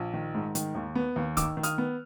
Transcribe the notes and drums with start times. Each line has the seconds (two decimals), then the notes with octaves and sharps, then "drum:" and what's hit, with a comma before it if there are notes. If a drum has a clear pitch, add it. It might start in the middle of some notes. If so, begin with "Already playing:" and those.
Already playing: A#1
0.13 D#3
0.34 G#2
0.55 D#3, drum: hi-hat
0.75 D#2
0.95 B3
1.16 D#2
1.37 D#3 D6 E6, drum: kick, hi-hat
1.57 D#3
1.63 D#6 F6, drum: hi-hat
1.78 B3